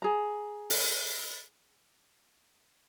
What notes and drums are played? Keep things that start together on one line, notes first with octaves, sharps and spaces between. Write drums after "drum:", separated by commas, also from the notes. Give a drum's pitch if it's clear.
G#4 A#5
drum: open hi-hat